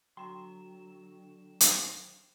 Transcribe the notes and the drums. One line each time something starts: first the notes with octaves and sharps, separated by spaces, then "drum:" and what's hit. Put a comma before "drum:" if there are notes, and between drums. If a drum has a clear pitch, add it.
D3 F#3 G5 C6 E7
drum: hi-hat